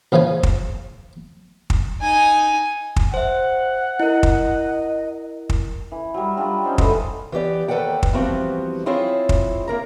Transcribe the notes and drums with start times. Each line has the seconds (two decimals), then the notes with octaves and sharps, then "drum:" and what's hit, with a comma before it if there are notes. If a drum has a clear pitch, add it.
0.12 A#1 C#3 E3 F3 G#5
0.43 drum: kick
1.70 drum: kick
2.02 D#4 G#5
2.96 drum: kick
3.14 C5 E5 F#5
4.00 E4 A#4 D#5
4.23 drum: kick
5.50 drum: kick
5.92 E3
6.14 F#3 G3
6.37 F#3 G3 D4 F4
6.64 C#4 D#4 C5 D5
6.78 D3 E3 G#3 B4, drum: kick
7.32 E3 B3 G4 D5
7.68 D#2 A4 B4 D5 F#5 G5
8.03 drum: kick
8.13 E3 F3 G3 B3 C4 F#4
8.86 C4 E4 F4 G#4 C#5
9.29 drum: kick
9.68 A#3 A#4 A#5